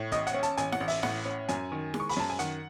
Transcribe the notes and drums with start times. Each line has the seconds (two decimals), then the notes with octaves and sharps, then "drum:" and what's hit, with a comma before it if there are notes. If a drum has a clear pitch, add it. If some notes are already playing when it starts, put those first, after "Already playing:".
Already playing: A2
0.12 A1 D#5, drum: kick, hi-hat
0.27 F#5, drum: hi-hat
0.34 C#4
0.43 A5, drum: hi-hat
0.57 A1 G#5, drum: hi-hat
0.72 F#5, drum: snare E4
0.80 A1
0.88 E5, drum: open hi-hat
1.03 A2 F#5, drum: snare E4
1.25 C#4
1.49 F#2 G#5, drum: hi-hat
1.72 D#3
1.94 G#3, drum: snare E4
2.00 C#6
2.09 B5, drum: open hi-hat
2.17 F#2 A5
2.30 G#5
2.39 D#3 F#5, drum: hi-hat